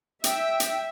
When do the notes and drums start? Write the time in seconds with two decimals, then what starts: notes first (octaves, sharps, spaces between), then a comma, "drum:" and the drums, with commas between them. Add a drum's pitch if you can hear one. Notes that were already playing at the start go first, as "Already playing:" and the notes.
0.24 E5 G5, drum: hi-hat
0.60 drum: hi-hat